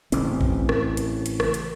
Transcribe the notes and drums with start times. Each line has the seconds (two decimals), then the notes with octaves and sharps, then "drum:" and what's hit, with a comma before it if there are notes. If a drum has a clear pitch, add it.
0.12 A1 C#3 E3 C4, drum: hi-hat
0.41 drum: kick A1
0.69 drum: rim click
0.97 drum: hi-hat
1.26 drum: hi-hat
1.40 drum: rim click
1.54 drum: hi-hat